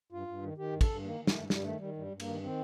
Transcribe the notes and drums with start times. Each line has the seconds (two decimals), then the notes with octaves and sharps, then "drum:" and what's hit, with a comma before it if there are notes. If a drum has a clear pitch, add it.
0.12 G2 F4
0.27 G2
0.42 D#3
0.58 D#3 G4
0.73 G2
0.81 A4, drum: kick, cymbal
0.88 G2
1.04 D#3 A#3
1.20 D#3
1.27 A3, drum: snare
1.34 G2
1.50 G2 G3, drum: snare
1.63 D#3 A3
1.76 D#3 G3
1.97 G2 G3
2.12 G2
2.20 A#3, drum: cymbal
2.27 D#3
2.42 D#3 C4